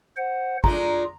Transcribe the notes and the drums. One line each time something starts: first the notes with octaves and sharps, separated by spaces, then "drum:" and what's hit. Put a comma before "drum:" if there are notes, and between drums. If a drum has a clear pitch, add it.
C5 F#5
G#3 A3 D4 F4 A#5, drum: kick